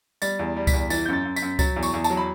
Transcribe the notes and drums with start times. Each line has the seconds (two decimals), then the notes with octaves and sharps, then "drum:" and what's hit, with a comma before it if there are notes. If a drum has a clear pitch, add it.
0.22 G3 A6, drum: tambourine
0.39 E2
0.57 G3
0.67 B6, drum: kick C#2, tambourine
0.73 E2
0.90 E3 A6, drum: tambourine
1.06 G6
1.08 F#2 A6
1.25 F#2
1.36 B6, drum: tambourine
1.42 F#2
1.59 F#3 A6, drum: kick C#2, tambourine
1.76 E2
1.83 C#6, drum: tambourine
1.94 E2
2.04 A5, drum: tambourine
2.10 F#3
2.17 B5